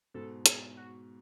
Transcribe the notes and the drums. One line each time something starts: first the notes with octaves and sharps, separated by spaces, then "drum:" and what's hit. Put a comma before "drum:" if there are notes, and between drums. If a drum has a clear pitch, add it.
G#2 B2 A4
G#4, drum: hi-hat
F#4